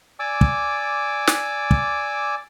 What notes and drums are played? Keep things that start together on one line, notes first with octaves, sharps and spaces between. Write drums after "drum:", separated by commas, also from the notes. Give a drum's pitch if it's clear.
D5 G#5 D6 E6
drum: kick
drum: snare
drum: kick